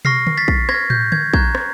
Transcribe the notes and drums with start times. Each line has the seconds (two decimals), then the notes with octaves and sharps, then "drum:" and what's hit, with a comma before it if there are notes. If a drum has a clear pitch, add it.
0.05 C#6 F6 A#6 C7, drum: tom
0.27 drum: tom D3
0.38 A6 B6
0.48 drum: kick
0.69 C#6 G#6 A#6, drum: rim click
0.74 F6
0.90 G6, drum: tom
1.12 G#6, drum: tom D3
1.33 A#5 C#6 F#6 G#6, drum: kick
1.55 drum: rim click